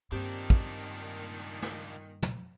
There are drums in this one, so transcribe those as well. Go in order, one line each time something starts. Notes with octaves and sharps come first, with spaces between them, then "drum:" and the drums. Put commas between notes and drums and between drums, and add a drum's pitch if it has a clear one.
C#2 G2 A#2 D#3 A#3 C4 D4 G4
drum: kick
drum: snare
drum: tom